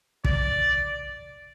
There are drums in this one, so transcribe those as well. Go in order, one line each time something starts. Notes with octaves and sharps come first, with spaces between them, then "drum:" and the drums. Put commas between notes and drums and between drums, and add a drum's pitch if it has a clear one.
D5, drum: kick